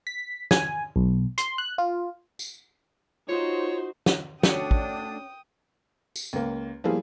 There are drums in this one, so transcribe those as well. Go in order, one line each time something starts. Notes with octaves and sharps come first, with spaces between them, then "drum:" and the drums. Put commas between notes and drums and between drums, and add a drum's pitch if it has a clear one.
B6
G#5, drum: snare
B1
C6, drum: hi-hat
F#6
F4
drum: tambourine
D#4 F4 F#4 C5 C#5
drum: snare
A3 C#4 D4 F#4 C#5 G5 D#6, drum: snare
drum: kick
drum: tambourine
C#2 A#3
F3 G3 A#3 E4 G#4